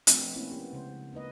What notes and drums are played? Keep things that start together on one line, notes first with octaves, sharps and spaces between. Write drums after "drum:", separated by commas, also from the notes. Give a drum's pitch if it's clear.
F3 A3 B3 C4 D4, drum: hi-hat
A#3 C4 C#4 E4
B3 C#4 G4
C#3 G#3 C5
A#3 D#4 B4 D#5